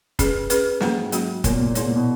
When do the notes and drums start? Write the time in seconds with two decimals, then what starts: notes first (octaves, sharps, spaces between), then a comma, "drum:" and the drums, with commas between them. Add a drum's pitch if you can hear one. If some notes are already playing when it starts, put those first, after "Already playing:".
0.19 C#4 G#4 B4, drum: kick, hi-hat
0.50 C#4 G#4 B4, drum: hi-hat
0.81 G#2 F#3 A#3 C#4 F#4, drum: snare
1.12 F#3 A#3 C#4 F#4, drum: hi-hat
1.44 A#2 B3 E4 A#4 C#5, drum: kick, hi-hat
1.60 A#2
1.75 G#2 B3 E4 A#4 C#5, drum: hi-hat
1.86 A#2
1.96 B2